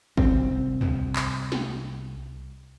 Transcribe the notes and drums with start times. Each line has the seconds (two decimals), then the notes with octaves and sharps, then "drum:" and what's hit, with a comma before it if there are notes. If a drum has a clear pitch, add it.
0.17 C2 C4, drum: kick
0.81 drum: tom
1.16 drum: clap
1.52 drum: snare